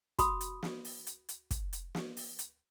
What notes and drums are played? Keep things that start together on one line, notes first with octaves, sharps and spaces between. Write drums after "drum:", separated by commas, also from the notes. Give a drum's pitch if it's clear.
F#4 B5 D#6, drum: kick, hi-hat
drum: hi-hat
drum: snare
drum: open hi-hat
drum: hi-hat
drum: hi-hat
drum: kick, hi-hat
drum: hi-hat
drum: snare
drum: open hi-hat
drum: hi-hat